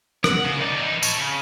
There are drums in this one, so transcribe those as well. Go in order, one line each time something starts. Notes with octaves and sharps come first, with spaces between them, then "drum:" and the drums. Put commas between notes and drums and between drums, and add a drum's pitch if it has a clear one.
F#5, drum: rim click
C#3
D#4 D5
E3 D#4
A4 C#5, drum: tambourine
C#3